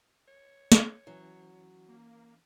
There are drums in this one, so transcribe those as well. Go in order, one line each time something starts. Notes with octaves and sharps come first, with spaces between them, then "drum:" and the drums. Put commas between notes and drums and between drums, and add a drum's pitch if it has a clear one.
C#5
drum: snare
E3 F#3 C#4
A#3